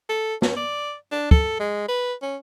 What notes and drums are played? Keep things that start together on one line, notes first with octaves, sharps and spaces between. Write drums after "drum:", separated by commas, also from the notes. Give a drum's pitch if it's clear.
A4
C#4, drum: snare
D5
D4
A4, drum: kick
G#3
B4
C#4